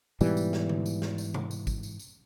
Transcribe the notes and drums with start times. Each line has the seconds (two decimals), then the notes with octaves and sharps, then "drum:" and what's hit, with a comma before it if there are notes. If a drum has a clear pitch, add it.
0.21 G#2 B2 E3 G3, drum: tambourine
0.37 drum: tambourine
0.53 drum: snare
0.69 drum: tom D3
0.86 drum: tambourine
1.02 drum: snare
1.18 drum: tambourine
1.34 drum: tom C3
1.51 drum: tambourine
1.67 drum: kick G#1, tambourine
1.83 drum: tambourine
1.99 drum: tambourine